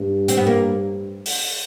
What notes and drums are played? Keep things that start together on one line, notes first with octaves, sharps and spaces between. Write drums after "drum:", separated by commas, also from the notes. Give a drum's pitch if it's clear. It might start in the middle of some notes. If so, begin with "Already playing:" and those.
Already playing: G2
C4, drum: hi-hat
B3
A#3
drum: open hi-hat